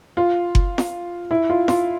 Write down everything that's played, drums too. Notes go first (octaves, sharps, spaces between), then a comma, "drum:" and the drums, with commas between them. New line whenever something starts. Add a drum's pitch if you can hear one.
F4
drum: kick F#1
drum: snare
E4
F4
F4, drum: snare